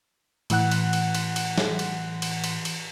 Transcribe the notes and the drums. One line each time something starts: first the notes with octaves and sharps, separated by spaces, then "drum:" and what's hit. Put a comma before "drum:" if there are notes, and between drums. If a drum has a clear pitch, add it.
A2 E3 F#5 F#6, drum: cymbal
drum: cymbal
drum: cymbal
drum: cymbal
drum: cymbal
drum: snare
drum: cymbal
drum: cymbal
drum: cymbal
drum: cymbal